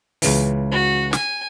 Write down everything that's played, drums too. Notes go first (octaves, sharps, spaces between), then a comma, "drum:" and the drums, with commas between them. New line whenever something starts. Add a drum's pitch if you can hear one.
C#2 C#3 E3, drum: open hi-hat
F#4
G#5, drum: snare